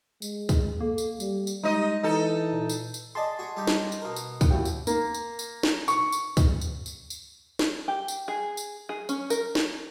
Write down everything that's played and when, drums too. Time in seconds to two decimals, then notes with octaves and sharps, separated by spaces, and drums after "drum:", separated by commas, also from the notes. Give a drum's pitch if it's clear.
0.22 G#3, drum: tambourine
0.49 drum: kick, tambourine
0.81 A#3 A4
0.98 drum: tambourine
1.20 G3, drum: tambourine
1.47 drum: tambourine
1.63 G3 G#3 D#4 D#5
2.03 E3 D#4 A4
2.53 A#2
2.69 drum: tambourine
2.94 drum: tambourine
3.15 G#4 D5 D#5 A5 C6
3.39 F#4 G#4
3.56 G3 D#4 G4
3.67 drum: snare
3.92 drum: tambourine
4.01 B2 A#4
4.16 drum: tambourine
4.41 drum: kick, tambourine
4.51 D#2 E4 F#4 G5
4.65 drum: tambourine
4.87 A#3, drum: tambourine
5.14 drum: tambourine
5.39 drum: tambourine
5.63 drum: snare
5.88 C#6, drum: tambourine
6.12 drum: tambourine
6.37 drum: kick, tambourine
6.61 drum: tambourine
6.86 drum: tambourine
7.10 drum: tambourine
7.59 drum: snare
7.88 G4
8.08 drum: tambourine
8.28 G#4
8.57 drum: tambourine
8.89 G#4
9.09 C#4, drum: tambourine
9.30 A#4, drum: tambourine
9.55 drum: snare